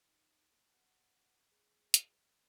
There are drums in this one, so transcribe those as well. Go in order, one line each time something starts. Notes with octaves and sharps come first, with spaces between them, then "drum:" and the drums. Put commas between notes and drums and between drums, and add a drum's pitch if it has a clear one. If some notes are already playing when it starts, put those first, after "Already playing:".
D#4
F#5
G#4
drum: hi-hat